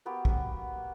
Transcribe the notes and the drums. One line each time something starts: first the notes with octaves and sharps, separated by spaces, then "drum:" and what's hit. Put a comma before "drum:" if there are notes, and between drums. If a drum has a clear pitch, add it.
A#3 B3 F#4 G4
drum: kick